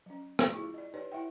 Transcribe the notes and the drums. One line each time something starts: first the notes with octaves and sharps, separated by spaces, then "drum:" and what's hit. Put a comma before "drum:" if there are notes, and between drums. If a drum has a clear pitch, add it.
F#3 C#4
drum: rim click
E4 F4 G#4 C#6
D5 D#5
D#4 G4 B4 C#5 D5
E4 E5 F#5 G5